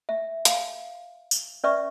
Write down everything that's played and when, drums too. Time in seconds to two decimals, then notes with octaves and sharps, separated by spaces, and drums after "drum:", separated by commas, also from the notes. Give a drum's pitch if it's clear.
0.09 E5
0.45 F5, drum: hi-hat
1.31 drum: tambourine
1.64 C#4 B4 D5 E5 C#6